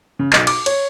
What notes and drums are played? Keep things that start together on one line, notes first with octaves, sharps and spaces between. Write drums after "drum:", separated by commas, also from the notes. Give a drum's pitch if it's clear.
C#3
B1, drum: clap
D6, drum: cymbal
C#5, drum: cymbal